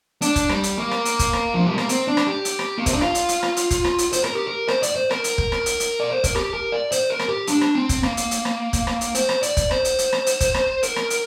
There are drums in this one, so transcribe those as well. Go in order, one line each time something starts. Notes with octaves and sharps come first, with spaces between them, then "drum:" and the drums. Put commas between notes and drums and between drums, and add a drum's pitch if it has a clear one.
D4, drum: hi-hat
drum: kick, hi-hat
G3, drum: rim click
drum: hi-hat
A#3
drum: rim click
drum: hi-hat
drum: kick, hi-hat
drum: rim click
F3
G3
A#3, drum: rim click
C4, drum: hi-hat
D4
drum: rim click
G4
drum: hi-hat
drum: rim click
A#3
C4, drum: kick, hi-hat
D4
F4, drum: rim click
drum: hi-hat
drum: hi-hat
drum: rim click
drum: hi-hat
drum: kick, hi-hat
drum: rim click
drum: hi-hat
C5, drum: hi-hat
A#4, drum: rim click
G4
A#4
C5, drum: rim click
D5, drum: hi-hat
C5
A#4, drum: rim click
drum: hi-hat
drum: kick
drum: rim click
drum: hi-hat
drum: hi-hat
D5
C5
A#4, drum: kick, hi-hat
G4, drum: rim click
A#4
D5
C5, drum: hi-hat
A#4
drum: rim click
G4
D4, drum: hi-hat
drum: rim click
C4
drum: kick, hi-hat
A#3, drum: rim click
drum: hi-hat
drum: hi-hat
drum: rim click
drum: kick, hi-hat
drum: rim click
drum: hi-hat
C5, drum: hi-hat
drum: rim click
D5, drum: hi-hat
drum: kick, hi-hat
C5, drum: rim click
drum: hi-hat
drum: hi-hat
drum: rim click
drum: hi-hat
drum: kick, hi-hat
drum: rim click
A#4, drum: hi-hat
drum: rim click
drum: hi-hat